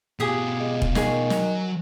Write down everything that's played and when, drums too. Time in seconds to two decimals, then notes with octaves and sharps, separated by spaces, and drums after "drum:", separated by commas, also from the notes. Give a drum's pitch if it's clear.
0.20 B2 F4 G4 G#4 D#6
0.60 G#3
0.82 drum: kick E1
0.95 D#3 G#4 C#6, drum: snare
1.30 F#3, drum: snare